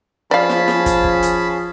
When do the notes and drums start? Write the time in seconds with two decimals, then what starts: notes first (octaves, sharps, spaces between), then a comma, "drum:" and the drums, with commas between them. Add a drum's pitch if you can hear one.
0.31 F3 C#4 G#4 D5 F5 A5 B5
0.50 drum: snare
0.68 drum: snare
0.86 drum: kick, hi-hat
1.04 drum: kick
1.23 drum: hi-hat